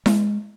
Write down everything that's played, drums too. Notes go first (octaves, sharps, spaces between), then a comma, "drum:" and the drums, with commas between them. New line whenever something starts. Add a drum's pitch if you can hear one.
G#3, drum: snare E4